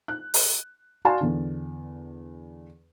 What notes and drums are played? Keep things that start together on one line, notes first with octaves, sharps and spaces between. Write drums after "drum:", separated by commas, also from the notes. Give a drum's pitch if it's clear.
F#6
drum: open hi-hat
F#4 D5 F5 G#5 A5 C6
E2 D3